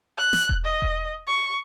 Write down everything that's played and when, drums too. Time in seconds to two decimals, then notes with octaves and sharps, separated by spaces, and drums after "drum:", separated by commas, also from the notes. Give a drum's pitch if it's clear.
0.18 F#6
0.33 drum: snare
0.49 drum: kick E1
0.66 D#5
0.82 drum: kick E1
1.28 C#6